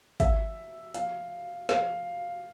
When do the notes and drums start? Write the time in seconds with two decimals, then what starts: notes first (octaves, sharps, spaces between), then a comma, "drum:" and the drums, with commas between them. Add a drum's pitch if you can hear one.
0.20 E5, drum: kick, hi-hat
0.94 F5, drum: hi-hat
1.69 F5, drum: snare